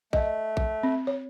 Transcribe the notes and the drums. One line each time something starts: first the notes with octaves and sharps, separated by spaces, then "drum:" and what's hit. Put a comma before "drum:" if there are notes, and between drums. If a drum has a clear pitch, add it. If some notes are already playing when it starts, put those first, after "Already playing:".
A3 D#5, drum: kick A#1
drum: kick A#1
C4
C#5